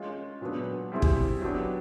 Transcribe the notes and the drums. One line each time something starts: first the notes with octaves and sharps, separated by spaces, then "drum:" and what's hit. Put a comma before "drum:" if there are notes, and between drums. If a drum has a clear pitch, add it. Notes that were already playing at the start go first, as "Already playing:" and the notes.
Already playing: G#3 C#4 F4
A#2 F#3 B3 D4
G3 C4 E4 G#4
drum: kick
F#3 B3 D4 G4